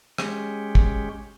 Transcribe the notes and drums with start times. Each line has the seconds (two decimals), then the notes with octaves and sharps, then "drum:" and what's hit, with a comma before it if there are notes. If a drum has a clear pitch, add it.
0.18 G#3 C#4 G4, drum: rim click
0.75 drum: kick